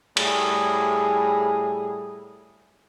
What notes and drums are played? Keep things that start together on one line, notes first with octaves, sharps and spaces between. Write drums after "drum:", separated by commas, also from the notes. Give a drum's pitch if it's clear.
A2 G3 G#4, drum: cymbal